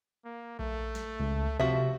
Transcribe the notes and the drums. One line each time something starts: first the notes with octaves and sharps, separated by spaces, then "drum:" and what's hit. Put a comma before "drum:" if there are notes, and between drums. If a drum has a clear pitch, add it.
A#3
A3, drum: kick A#1
drum: snare
C#2
C3 F3 F#4 E5